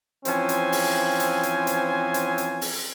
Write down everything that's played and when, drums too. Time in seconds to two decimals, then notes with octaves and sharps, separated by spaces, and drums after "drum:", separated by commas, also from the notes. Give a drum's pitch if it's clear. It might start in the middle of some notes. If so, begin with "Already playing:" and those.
0.25 E3 F3 C4 C#4 C5 G#5, drum: hi-hat
0.49 drum: hi-hat
0.72 drum: open hi-hat
1.20 drum: hi-hat
1.43 drum: hi-hat
1.67 drum: hi-hat
2.14 drum: hi-hat
2.38 drum: hi-hat
2.61 drum: open hi-hat